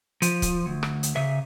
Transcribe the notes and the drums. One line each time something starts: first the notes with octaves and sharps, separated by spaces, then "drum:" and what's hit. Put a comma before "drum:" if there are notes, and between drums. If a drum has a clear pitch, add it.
F3, drum: hi-hat
drum: kick, hi-hat
D2
drum: rim click
drum: hi-hat
C#3 E5